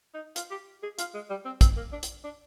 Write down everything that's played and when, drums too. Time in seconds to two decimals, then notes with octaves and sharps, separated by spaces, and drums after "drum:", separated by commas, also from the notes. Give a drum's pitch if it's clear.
0.14 D#4
0.36 F4, drum: hi-hat
0.51 G4
0.83 G#4
0.99 F4, drum: hi-hat
1.14 G#3
1.30 G3
1.45 C4
1.61 C4, drum: kick, hi-hat
1.77 A#3
1.92 D4
2.03 drum: hi-hat
2.24 D4